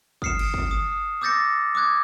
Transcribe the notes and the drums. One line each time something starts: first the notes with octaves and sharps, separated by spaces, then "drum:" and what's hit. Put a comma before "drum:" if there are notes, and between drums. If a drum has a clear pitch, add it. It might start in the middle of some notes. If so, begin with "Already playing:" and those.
D#6 F6 C7 C#7 E7, drum: kick
drum: cymbal
drum: kick
D#6
D6 E6 G6 A6 A#6 C#7
D6 D#6 F#6 G#6